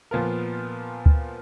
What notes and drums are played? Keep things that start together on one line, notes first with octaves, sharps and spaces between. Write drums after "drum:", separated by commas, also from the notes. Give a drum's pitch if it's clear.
A#2 F3 B3 F4 A#4
drum: kick D2